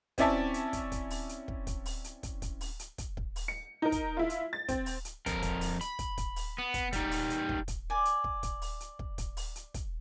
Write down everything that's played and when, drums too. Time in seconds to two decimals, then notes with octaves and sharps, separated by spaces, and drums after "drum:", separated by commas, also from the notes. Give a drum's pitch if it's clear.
0.18 C4 C#4 E4 D5 E5 A5, drum: kick, hi-hat
0.54 drum: hi-hat
0.73 drum: kick, hi-hat
0.92 drum: kick, hi-hat
1.10 drum: open hi-hat
1.29 drum: hi-hat
1.48 drum: kick
1.67 drum: kick, hi-hat
1.86 drum: open hi-hat
2.04 drum: hi-hat
2.23 drum: kick, hi-hat
2.42 drum: kick, hi-hat
2.61 drum: open hi-hat
2.79 drum: hi-hat
2.98 drum: kick, hi-hat
3.17 drum: kick
3.36 drum: open hi-hat
3.48 C#7
3.82 D#4 A#4
3.92 drum: kick, hi-hat
4.17 E4 F4
4.30 drum: hi-hat
4.53 A6
4.68 C4, drum: kick, hi-hat
4.86 drum: open hi-hat
5.05 drum: hi-hat
5.26 F2 A#4, drum: kick, hi-hat
5.42 drum: kick, hi-hat
5.61 drum: open hi-hat
5.81 B5, drum: hi-hat
5.99 drum: kick, hi-hat
6.17 drum: kick, hi-hat
6.36 drum: open hi-hat
6.58 B3
6.74 drum: kick, hi-hat
6.93 G3 D#4, drum: kick, hi-hat
7.11 drum: open hi-hat
7.30 drum: hi-hat
7.49 drum: kick
7.68 drum: kick, hi-hat
7.90 D5 G#5
8.05 drum: hi-hat
8.24 drum: kick
8.43 drum: kick, hi-hat
8.62 drum: open hi-hat
8.80 drum: hi-hat
8.99 drum: kick
9.18 drum: kick, hi-hat
9.37 drum: open hi-hat
9.56 drum: hi-hat
9.74 drum: kick, hi-hat